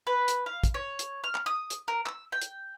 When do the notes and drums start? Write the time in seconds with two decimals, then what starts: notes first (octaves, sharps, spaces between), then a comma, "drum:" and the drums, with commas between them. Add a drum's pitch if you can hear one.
0.07 B4
0.28 drum: hi-hat
0.46 F5
0.64 drum: kick, hi-hat
0.74 C#5
0.99 drum: hi-hat
1.24 F6
1.35 drum: clap
1.46 D#6
1.70 drum: hi-hat
1.88 A#4
2.06 E6, drum: clap
2.32 G5
2.42 drum: hi-hat